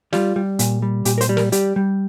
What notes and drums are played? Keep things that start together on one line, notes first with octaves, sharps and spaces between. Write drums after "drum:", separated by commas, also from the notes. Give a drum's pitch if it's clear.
G3 F4, drum: snare
G3
A#2, drum: hi-hat
G3
A#2 G4, drum: hi-hat
A#4
C5, drum: hi-hat
G3
A#4, drum: snare
G3 G4, drum: hi-hat
G3